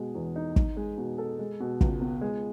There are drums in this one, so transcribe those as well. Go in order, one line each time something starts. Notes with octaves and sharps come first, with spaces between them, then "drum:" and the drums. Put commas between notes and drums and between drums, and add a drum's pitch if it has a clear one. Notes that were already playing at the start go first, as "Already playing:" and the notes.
Already playing: B2 G#3
E2
D#4
D#4, drum: kick
G#3
B2
A4
G#3
B2
C#2, drum: kick
B3
G#3